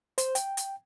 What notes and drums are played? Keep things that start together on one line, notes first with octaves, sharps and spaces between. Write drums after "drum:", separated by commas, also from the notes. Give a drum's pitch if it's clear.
C5, drum: hi-hat
G5, drum: hi-hat
drum: hi-hat